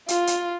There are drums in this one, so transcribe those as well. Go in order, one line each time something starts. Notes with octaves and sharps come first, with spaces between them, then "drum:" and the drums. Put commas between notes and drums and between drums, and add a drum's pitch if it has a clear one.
F4, drum: hi-hat
drum: hi-hat